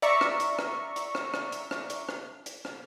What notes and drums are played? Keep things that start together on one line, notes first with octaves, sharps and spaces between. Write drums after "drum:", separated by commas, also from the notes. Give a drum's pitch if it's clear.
D5 E5 A#5 C#6, drum: hi-hat
drum: rim click
drum: hi-hat
drum: rim click
drum: hi-hat
drum: rim click
drum: rim click
drum: hi-hat
drum: rim click
drum: hi-hat
drum: rim click
drum: hi-hat
drum: rim click